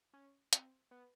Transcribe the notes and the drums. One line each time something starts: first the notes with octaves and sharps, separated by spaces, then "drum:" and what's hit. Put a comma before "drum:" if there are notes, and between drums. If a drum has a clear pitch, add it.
C#4
C4, drum: hi-hat
B3